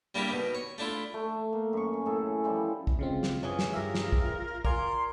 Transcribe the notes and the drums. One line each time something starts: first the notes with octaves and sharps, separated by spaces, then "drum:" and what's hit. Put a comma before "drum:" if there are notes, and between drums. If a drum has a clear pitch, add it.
G3 A#3 D4 E4 G4
B2 D#3
C#5
A3 D4 E4 F4
A3
A#3
F#2 C#6
C#4
A2 G#4 A4
E3 F3 G3
drum: kick
C#3 G#3 C4 F4
drum: snare
F#2 E3 C#4 G#4
drum: snare
G2 G4 A#4 E5
drum: snare
drum: kick
A#4 D5 F5 G#5 C6, drum: kick